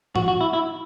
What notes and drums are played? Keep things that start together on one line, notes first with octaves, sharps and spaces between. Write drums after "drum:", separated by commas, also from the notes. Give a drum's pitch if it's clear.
F#4, drum: tom
F#4
E4
E4